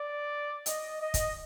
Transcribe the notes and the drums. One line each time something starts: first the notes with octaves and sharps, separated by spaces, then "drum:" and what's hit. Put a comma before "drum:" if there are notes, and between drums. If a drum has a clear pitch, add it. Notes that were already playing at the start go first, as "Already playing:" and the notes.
Already playing: D5
D#5, drum: hi-hat
D#5
drum: kick, hi-hat